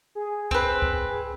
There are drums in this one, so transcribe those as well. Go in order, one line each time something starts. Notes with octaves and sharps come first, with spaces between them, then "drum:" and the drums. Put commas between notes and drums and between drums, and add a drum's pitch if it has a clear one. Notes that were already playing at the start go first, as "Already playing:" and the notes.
G#4
C4 B4, drum: kick C#2
drum: kick C#2